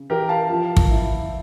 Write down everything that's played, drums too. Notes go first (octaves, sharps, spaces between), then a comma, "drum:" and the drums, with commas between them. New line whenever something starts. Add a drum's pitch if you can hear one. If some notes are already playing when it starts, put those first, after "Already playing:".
Already playing: C#3
E3 G4 A#4
F5 A5
F3
drum: kick
E4